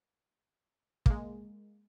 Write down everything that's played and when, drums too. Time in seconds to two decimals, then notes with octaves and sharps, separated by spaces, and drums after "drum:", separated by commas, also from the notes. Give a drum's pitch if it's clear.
1.06 G#3 A#3, drum: kick